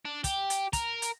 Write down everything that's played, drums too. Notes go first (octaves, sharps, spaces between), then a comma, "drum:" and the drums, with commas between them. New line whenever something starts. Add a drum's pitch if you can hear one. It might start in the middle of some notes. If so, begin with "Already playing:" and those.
D4
G4, drum: kick, hi-hat
drum: hi-hat
A#4, drum: kick, hi-hat
drum: hi-hat